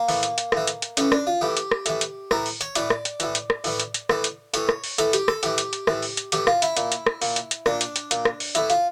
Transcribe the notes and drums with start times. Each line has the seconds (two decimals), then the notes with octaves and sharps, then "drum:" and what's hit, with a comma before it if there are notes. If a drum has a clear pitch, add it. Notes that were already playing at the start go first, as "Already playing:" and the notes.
Already playing: A#3
0.08 A2 E3, drum: open hi-hat
0.23 drum: hi-hat
0.38 drum: hi-hat
0.52 A2 E3, drum: rim click
0.67 drum: hi-hat
0.82 drum: hi-hat
0.97 A2 E3 C#4, drum: hi-hat
1.12 D4, drum: rim click
1.27 F4
1.41 A2 E3 G4
1.57 drum: hi-hat
1.71 drum: rim click
1.86 A2 E3, drum: hi-hat
2.01 drum: hi-hat
2.31 A2 E3 A#4, drum: rim click
2.46 drum: open hi-hat
2.61 C#5, drum: hi-hat
2.75 A2 E3 D5, drum: hi-hat
2.90 drum: rim click
3.05 drum: hi-hat
3.20 A2 E3, drum: hi-hat
3.35 drum: hi-hat
3.50 drum: rim click
3.64 A2 E3, drum: open hi-hat
3.80 drum: hi-hat
3.94 drum: hi-hat
4.09 A2 E3, drum: rim click
4.24 drum: hi-hat
4.54 A2 E3 C#5, drum: hi-hat
4.69 drum: rim click
4.84 drum: open hi-hat
4.98 A2 E3 A4, drum: hi-hat
5.13 G4, drum: hi-hat
5.28 A4, drum: rim click
5.43 A2 E3 G4, drum: hi-hat
5.58 drum: hi-hat
5.73 drum: hi-hat
5.87 A2 E3, drum: rim click
6.02 drum: open hi-hat
6.17 drum: hi-hat
6.32 A2 E3 G4, drum: hi-hat
6.47 F4, drum: rim click
6.62 E4, drum: hi-hat
6.77 A#2, drum: hi-hat
6.92 drum: hi-hat
7.07 drum: rim click
7.22 A#2, drum: open hi-hat
7.36 drum: hi-hat
7.51 drum: hi-hat
7.66 A#2 D4, drum: rim click
7.81 drum: hi-hat
7.96 drum: hi-hat
8.11 A#2, drum: hi-hat
8.25 drum: rim click
8.40 drum: open hi-hat
8.55 A2 E3 E4, drum: hi-hat
8.70 F4, drum: hi-hat